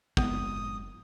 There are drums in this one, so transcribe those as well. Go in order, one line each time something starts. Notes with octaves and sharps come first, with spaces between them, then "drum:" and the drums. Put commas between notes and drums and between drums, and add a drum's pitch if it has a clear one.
F#1 G#3 B3 C4 D#6, drum: kick